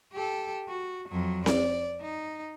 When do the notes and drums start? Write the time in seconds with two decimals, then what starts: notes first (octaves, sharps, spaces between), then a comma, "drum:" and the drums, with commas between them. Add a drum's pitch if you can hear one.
0.13 G4 A4
0.68 F#4
1.08 F2 F#3
1.46 D5, drum: snare C4
2.02 D#4